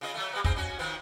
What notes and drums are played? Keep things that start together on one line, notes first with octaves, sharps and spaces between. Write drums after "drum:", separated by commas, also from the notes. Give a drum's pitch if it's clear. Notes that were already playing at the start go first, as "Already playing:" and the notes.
C#3 F4 D#5
F#3 A3
G3 B3
C4 D#4 G#4, drum: kick
C#4 F#4
D#3 F3 B3